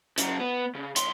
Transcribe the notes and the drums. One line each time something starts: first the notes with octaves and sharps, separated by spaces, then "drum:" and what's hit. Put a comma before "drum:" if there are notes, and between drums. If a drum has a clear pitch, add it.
C#3 F#3, drum: hi-hat
B3
C#3
B1 C6, drum: hi-hat